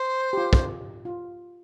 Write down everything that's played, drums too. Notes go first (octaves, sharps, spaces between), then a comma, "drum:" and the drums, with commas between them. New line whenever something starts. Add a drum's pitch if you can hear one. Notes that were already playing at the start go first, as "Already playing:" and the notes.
Already playing: C5
G4
F4
drum: kick
F4